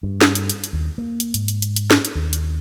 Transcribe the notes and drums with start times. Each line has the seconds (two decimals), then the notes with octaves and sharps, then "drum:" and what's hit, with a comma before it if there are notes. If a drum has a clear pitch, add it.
0.03 G2
0.21 drum: snare
0.35 drum: hi-hat
0.50 drum: hi-hat
0.64 drum: hi-hat
0.73 D#2
0.98 A#3
1.20 drum: hi-hat
1.34 G#2, drum: hi-hat
1.48 drum: hi-hat
1.62 drum: hi-hat
1.76 drum: hi-hat
1.91 drum: snare
2.05 drum: hi-hat
2.15 D#2
2.33 drum: hi-hat